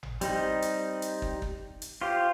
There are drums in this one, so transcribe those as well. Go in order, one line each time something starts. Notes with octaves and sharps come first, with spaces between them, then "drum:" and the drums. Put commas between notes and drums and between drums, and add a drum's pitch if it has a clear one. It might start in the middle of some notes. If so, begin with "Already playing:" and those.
drum: tom G#1
G3 C4 D#4, drum: hi-hat
drum: hi-hat
drum: hi-hat
drum: kick
drum: kick
drum: hi-hat
F4 G4 C5